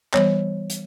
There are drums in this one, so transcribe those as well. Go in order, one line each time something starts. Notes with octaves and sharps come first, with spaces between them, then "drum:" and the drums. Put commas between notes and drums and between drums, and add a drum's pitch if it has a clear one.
E3 G3 B3 C#5, drum: clap
drum: hi-hat